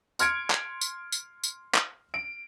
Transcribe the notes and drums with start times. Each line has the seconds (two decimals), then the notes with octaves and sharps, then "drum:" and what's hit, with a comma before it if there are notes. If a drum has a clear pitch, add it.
0.19 C6 F6 G#6 C#7 D7, drum: tambourine
0.50 drum: clap
0.81 drum: tambourine
1.12 drum: tambourine
1.43 drum: tambourine
1.75 drum: clap
2.14 D7